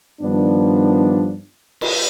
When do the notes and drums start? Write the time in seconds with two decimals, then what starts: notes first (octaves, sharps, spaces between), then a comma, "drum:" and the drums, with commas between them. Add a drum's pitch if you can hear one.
0.21 G2 D#3 F3 B3 D4
1.81 drum: cymbal